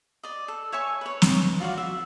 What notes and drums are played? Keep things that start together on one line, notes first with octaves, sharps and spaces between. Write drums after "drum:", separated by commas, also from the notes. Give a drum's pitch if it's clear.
D5 D#5
A4
C#5 E5 G#5 C#6
B4 C#5
drum: snare
F4 F#4 D5 F5
E5